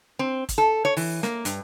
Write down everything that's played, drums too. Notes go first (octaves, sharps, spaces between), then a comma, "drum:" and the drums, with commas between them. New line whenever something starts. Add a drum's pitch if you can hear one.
C4
drum: kick, hi-hat
A4
C#5
E3, drum: open hi-hat
A#3, drum: snare
G2, drum: hi-hat